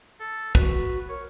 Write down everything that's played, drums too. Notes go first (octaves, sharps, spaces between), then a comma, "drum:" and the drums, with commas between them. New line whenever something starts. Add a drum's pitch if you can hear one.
A4
F#4 B4, drum: kick
A#4 C#5